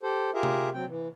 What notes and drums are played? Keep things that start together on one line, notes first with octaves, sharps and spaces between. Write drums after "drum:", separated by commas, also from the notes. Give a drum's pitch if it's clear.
G4 A4 C5
F4 G4 G#4 A#4 E5
drum: tom C3
F#3 C4 G5
E3